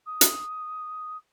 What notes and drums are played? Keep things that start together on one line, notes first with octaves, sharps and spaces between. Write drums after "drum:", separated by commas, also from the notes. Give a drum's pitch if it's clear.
D#6
drum: hi-hat